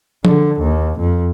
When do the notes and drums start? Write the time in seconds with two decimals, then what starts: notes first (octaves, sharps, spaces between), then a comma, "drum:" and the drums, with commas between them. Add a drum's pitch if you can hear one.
0.25 D3, drum: tom F3
0.60 D#2
0.99 F2